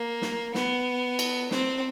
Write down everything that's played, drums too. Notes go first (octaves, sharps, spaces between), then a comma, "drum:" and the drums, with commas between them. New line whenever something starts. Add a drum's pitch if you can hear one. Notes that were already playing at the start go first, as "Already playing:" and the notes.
Already playing: A#3
drum: snare
B3, drum: snare
drum: cymbal
C4, drum: snare